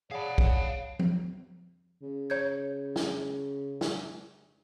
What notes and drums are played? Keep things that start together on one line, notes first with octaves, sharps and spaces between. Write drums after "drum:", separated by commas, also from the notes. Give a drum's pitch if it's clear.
G#4 C#5 D5 F5 F#5 A5 B5
drum: kick B1
drum: tom F3
C#3
C#5 G6 G#6
drum: snare
drum: snare